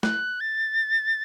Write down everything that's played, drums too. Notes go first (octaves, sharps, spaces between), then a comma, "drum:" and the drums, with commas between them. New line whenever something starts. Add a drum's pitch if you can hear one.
F#6, drum: snare
A6